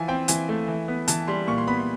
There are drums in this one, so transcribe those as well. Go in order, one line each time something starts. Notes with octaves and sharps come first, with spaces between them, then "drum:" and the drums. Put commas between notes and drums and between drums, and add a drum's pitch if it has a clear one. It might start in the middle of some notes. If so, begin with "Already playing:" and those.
Already playing: E3 F3 G#5
C4 G5
E3 G#5, drum: hi-hat
A3
E3
B3
E3 A5, drum: hi-hat
G3 C6
A#2 C#6
C6
B3 B5
C6